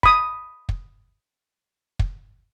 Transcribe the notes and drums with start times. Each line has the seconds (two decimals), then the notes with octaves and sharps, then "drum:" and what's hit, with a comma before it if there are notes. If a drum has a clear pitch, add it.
0.03 B5 D#6, drum: kick
0.69 drum: kick
1.99 drum: kick